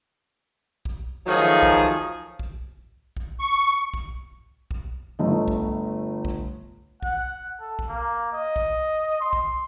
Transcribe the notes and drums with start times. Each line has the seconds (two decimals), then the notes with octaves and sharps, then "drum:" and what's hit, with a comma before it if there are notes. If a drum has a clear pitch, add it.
0.85 drum: kick
1.26 D#3 F3 F#3 A3 D#4 G#4
1.62 drum: kick
2.40 drum: kick
3.17 drum: kick
3.40 C#6
3.94 drum: kick
4.71 drum: kick
5.19 G1 A3 D#5
5.48 drum: kick
6.25 drum: kick
7.02 F#5, drum: kick
7.60 A4
7.79 drum: kick
7.89 A#3
8.32 D#5
8.56 drum: kick
9.21 C6
9.33 drum: kick